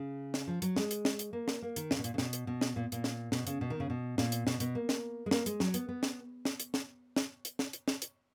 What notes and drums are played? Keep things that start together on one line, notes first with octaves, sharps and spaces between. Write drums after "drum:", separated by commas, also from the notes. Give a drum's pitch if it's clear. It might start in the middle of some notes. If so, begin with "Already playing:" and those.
Already playing: C#3
drum: snare
F3
F#3, drum: hi-hat
G#3, drum: snare
drum: hi-hat
drum: snare
drum: hi-hat
A#3
drum: snare
A#3
D#3, drum: hi-hat
C#3, drum: snare
B2
A#2, drum: hi-hat
C#3
B2, drum: snare
drum: hi-hat
B2
drum: snare
A#2
A#2, drum: hi-hat
drum: snare
B2, drum: snare
C#3, drum: hi-hat
B2
D#3
C#3
B2
A#2, drum: snare
drum: hi-hat
B2, drum: snare
B2, drum: hi-hat
A#3
drum: snare
G#3
A#3, drum: snare
G#3, drum: hi-hat
F#3, drum: snare
B3, drum: hi-hat
B3
drum: snare
drum: snare
drum: hi-hat
drum: snare
drum: snare
drum: hi-hat
drum: snare
drum: hi-hat
drum: snare
drum: hi-hat